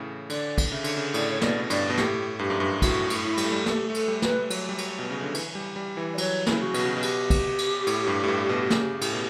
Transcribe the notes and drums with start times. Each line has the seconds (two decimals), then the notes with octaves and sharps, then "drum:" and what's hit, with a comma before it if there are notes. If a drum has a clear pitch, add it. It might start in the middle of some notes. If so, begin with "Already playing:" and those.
Already playing: A2 C#3 E3
0.30 D3 D5, drum: cymbal
0.58 drum: kick A#1, cymbal
0.72 C#3 E5
0.84 D3, drum: cymbal
0.97 C#3
1.14 A2 D5, drum: cymbal
1.31 C#5
1.41 B2 D5, drum: snare
1.70 G2 D5, drum: cymbal
1.90 B2
1.97 A2 G4, drum: snare
2.39 G2 G4
2.50 F#2
2.60 G2
2.82 A2 F#4, drum: kick A#1, cymbal
3.10 A2, drum: cymbal
3.24 E4
3.37 G3, drum: cymbal
3.45 A3
3.52 G3
3.66 A3 G4, drum: snare
3.90 A3
3.94 A4, drum: cymbal
4.08 G3
4.22 B4, drum: snare
4.50 F#3, drum: cymbal
4.69 G3
4.78 F#3, drum: cymbal
4.99 B2
5.11 C#3
5.22 D3
5.34 E3, drum: cymbal
5.55 G3
5.76 G3
5.97 E3
6.14 D5
6.18 F#3 C#5, drum: cymbal
6.46 C#3 E4, drum: snare
6.60 F#4
6.74 B2, drum: cymbal
6.85 C#3
6.97 B2
7.02 G4, drum: cymbal
7.30 drum: kick A#1, cymbal
7.58 drum: cymbal
7.87 A2, drum: cymbal
8.07 G2
8.24 A2
8.28 G2
8.49 B2
8.70 C#3, drum: snare
9.01 A2, drum: cymbal
9.12 B2